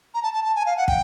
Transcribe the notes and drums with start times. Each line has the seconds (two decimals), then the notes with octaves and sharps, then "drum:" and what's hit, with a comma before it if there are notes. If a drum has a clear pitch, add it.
0.15 A#5
0.23 A5
0.34 A5
0.44 A5
0.55 G#5
0.66 F5
0.77 F#5
0.88 G5, drum: kick